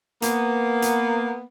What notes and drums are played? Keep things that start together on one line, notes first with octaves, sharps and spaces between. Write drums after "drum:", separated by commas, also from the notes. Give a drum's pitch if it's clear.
A#3 B3, drum: hi-hat
drum: hi-hat